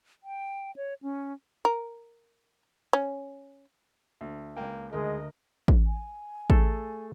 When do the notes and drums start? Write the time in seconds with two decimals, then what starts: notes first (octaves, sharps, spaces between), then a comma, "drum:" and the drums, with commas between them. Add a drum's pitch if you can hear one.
0.23 G5
0.76 C#5
1.02 C#4
1.65 A#4
2.93 C#4
4.21 D2
4.57 C#2 A#3 G5
4.93 D2 G#3 A#4 D#5
5.68 drum: kick A1
5.87 G#5
6.50 A3 G#4 A4, drum: kick A1